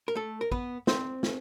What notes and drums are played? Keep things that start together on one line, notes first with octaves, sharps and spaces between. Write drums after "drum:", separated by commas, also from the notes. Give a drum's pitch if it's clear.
A#4
A3 A4
A#4
B3 B4, drum: kick
C4 C5, drum: snare
drum: snare